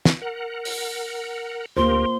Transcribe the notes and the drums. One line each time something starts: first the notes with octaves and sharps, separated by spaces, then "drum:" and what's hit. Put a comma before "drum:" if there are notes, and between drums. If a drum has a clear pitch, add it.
drum: snare
A#4 F#5
drum: open hi-hat
D2 A#3 F4 G4 A#4 C5 C6